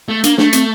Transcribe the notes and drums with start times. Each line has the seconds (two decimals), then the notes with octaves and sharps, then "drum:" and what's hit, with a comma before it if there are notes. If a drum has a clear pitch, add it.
0.09 A3
0.24 A#3 D4, drum: hi-hat
0.38 A3 D4, drum: snare
0.53 C4, drum: hi-hat